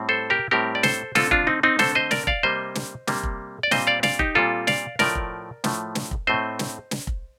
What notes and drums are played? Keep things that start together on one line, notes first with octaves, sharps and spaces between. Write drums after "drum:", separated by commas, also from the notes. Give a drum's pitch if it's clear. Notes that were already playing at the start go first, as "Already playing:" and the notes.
Already playing: A2 G3 C4
A4 C5
G4 A#4
A2 G3 C4 G4 A#4
D5
A4 C5, drum: snare
D3 A3 C4 F4 A4, drum: snare
D4 F4, drum: kick F1
C4 D#4
C4 D#4
D3 A3 C4 A4 C5, drum: snare
C5 D#5
A#4 D5, drum: snare
D5 F5, drum: kick F1
C3 G3 A#3 C5 D#5
drum: snare
C3 G3 A#3, drum: snare
drum: kick F1
D5
A#2 G3 C4 C5 D#5, drum: snare
D5 F5
D5 F5, drum: snare
D#4 G4, drum: kick F1
A#2 G3 C4 F4 A4
D5 F5, drum: snare
A2 F3 A3 A#4 D5, drum: snare
drum: kick F1
A2 F3 A3, drum: snare
drum: snare
drum: kick F1
A2 A3 C4 C5 D#5
drum: snare
drum: snare
drum: kick F1